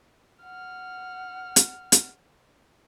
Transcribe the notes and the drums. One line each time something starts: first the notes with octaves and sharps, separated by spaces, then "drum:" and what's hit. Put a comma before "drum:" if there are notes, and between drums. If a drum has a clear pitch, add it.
F#5 F6
drum: hi-hat
drum: hi-hat